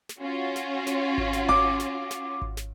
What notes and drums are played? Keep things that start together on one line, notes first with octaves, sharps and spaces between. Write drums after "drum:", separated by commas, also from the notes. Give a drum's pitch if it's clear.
drum: snare
C#4 F4 F#4
drum: snare
drum: snare
drum: kick G#1
drum: snare
D6, drum: kick G#1
drum: snare
drum: snare
drum: kick G#1
drum: snare